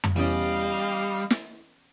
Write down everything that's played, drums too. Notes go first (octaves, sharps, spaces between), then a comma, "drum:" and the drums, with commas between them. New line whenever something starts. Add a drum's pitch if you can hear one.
drum: tom F2
E3 G3 B3 C#4 D#5 F5
drum: snare